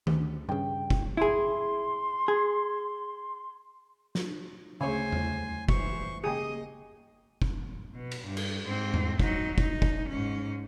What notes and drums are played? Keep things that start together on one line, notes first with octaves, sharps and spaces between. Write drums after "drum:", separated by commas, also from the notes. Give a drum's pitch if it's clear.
D2, drum: tom D#3
G2 C#3 G5
drum: kick
E4 G#4 C6
G#4
drum: snare
D2 C#3 C5 C#5 G#5
drum: tom E2
E3 C5 C#6, drum: kick
C#3 A#3 G4 G#4 D#5 D#6
drum: kick
B2
drum: cymbal
G2
drum: cymbal
G#2 C4
drum: tom E2
F#3 D#4, drum: kick
D#4, drum: kick
drum: kick
G#2 C#4